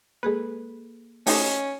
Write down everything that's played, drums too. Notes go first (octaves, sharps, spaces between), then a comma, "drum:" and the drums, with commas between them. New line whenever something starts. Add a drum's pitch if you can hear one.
G#3 A#3 G#4 A4 B4
A3 C#4 D#4 D#5, drum: open hi-hat